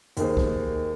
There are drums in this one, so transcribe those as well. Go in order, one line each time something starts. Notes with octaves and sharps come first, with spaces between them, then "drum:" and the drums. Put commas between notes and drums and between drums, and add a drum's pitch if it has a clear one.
D#2 D#3 A#3 G#4 C5, drum: hi-hat
drum: kick